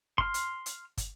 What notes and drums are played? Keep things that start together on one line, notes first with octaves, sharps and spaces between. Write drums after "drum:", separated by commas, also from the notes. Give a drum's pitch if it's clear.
C6 F6, drum: kick
drum: hi-hat
drum: hi-hat
drum: kick, hi-hat